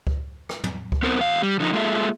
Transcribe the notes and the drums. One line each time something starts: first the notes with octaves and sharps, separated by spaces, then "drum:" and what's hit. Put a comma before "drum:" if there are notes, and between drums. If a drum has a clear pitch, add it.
drum: kick C#2
drum: rim click
drum: tom
drum: kick C#2
B3 C4 A#4 C5
E2 F5
G3
D3 F3 D#4
G#3 A#3 F4 G#4 A4 E5